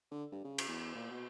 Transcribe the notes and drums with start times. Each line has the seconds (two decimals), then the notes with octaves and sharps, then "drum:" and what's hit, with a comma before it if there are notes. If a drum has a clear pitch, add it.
0.12 D3
0.32 G2
0.44 C#3
0.58 drum: cymbal
0.68 E2
0.95 A#2
1.11 B2